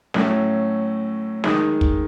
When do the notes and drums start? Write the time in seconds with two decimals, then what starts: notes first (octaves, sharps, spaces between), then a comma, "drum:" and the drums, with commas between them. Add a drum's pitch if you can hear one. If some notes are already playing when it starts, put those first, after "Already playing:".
0.14 A2 F#3 A3 C#4, drum: snare
1.44 D#3 G#3 D#4, drum: snare
1.81 drum: kick